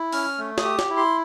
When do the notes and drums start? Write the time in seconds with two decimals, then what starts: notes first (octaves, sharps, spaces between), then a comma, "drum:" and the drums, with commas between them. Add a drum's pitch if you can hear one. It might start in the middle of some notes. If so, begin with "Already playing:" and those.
Already playing: E4
0.12 C#4 F6, drum: open hi-hat
0.38 A3
0.58 D#6, drum: snare
0.64 G4
0.79 drum: snare
0.90 E4
0.97 C6